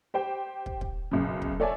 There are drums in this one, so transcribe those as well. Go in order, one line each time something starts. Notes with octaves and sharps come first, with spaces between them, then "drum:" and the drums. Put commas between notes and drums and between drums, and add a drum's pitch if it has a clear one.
G4 C5 G5
drum: kick
drum: kick
B1 F#2 C#3
drum: kick
A4 C#5 D5 E5 G#5